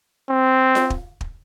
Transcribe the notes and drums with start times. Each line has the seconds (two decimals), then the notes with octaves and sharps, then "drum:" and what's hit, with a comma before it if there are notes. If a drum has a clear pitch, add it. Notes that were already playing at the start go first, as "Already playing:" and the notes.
0.30 C4
0.75 drum: snare F4
0.90 drum: kick
1.21 drum: kick